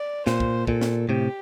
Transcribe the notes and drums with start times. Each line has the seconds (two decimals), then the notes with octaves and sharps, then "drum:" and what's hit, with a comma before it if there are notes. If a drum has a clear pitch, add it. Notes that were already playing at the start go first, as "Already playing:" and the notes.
Already playing: D5
0.26 A#2 C5, drum: snare
0.40 drum: kick
0.67 A#2 A4, drum: kick
0.81 drum: snare
1.09 A2 C3 G4